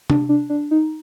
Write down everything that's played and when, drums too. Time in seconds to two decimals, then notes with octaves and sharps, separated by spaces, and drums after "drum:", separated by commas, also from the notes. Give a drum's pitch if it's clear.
0.10 D4, drum: tom C3
0.29 D4
0.50 D4
0.71 D#4